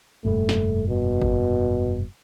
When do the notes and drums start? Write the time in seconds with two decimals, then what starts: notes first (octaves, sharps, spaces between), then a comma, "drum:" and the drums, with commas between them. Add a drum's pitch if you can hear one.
0.25 F1 G2 A#2 A3
0.49 drum: snare
0.88 B2
1.21 drum: kick G1